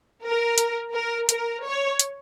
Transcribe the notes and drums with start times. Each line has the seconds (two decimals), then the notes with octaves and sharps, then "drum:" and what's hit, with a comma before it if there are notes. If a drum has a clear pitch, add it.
0.22 A#4
0.58 drum: hi-hat
0.93 A#4
1.29 A#4, drum: hi-hat
1.63 C#5
1.99 drum: hi-hat